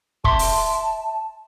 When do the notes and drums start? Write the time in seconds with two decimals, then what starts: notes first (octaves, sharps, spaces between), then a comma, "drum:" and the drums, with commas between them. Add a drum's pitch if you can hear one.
0.24 E5 A5 C6, drum: kick
0.39 drum: open hi-hat